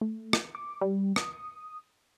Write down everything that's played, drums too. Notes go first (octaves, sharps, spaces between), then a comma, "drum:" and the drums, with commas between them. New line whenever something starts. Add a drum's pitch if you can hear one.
A3
drum: rim click
D6
G3
D#6, drum: rim click